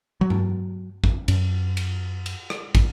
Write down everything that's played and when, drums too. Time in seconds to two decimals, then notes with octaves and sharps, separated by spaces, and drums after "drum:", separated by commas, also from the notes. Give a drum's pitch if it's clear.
0.21 F#3
0.30 drum: tom G2
1.04 drum: kick
1.28 F#2, drum: cymbal
1.77 drum: cymbal
2.26 drum: cymbal
2.50 drum: rim click
2.75 drum: kick, cymbal